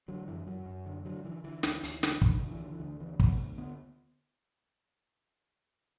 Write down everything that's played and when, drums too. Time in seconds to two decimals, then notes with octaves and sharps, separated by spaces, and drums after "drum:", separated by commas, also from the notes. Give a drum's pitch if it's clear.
0.08 D3 F#3
0.27 F#2 E3
0.46 F#2 F#3
0.66 F#2
0.86 D3
1.05 D3 F#3
1.25 D3 E3
1.44 D3 E3
1.63 D2, drum: snare
1.83 D2, drum: hi-hat
2.03 D3, drum: snare
2.22 D2 D3, drum: kick
2.42 D3
2.51 E3
2.61 D3
2.71 E3
2.80 D2 D3
3.00 D3 E3
3.20 D2 B3, drum: kick
3.38 D2
3.58 D3 B3